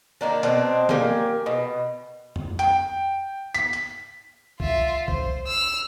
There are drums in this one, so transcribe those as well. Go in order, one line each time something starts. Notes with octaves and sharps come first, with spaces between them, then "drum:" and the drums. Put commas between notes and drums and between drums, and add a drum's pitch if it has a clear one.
D#3 A#3 D4
B2 C4 D4, drum: hi-hat
A#3 G4 G#5, drum: snare
B2
drum: tom F2
G5, drum: hi-hat
B6, drum: hi-hat
drum: hi-hat
F4 E5, drum: kick B1
C5, drum: kick B1
E6 F6